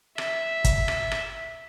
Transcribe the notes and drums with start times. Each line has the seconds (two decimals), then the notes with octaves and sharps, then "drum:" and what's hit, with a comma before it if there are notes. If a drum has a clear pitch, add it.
0.18 E5, drum: rim click
0.64 drum: kick, hi-hat
0.88 drum: rim click
1.11 drum: rim click